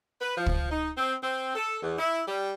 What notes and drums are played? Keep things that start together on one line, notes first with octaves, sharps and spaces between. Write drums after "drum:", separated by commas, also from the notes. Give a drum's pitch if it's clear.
B4
F3
drum: kick
D#4
C4
C4
A4
E2
E4
G3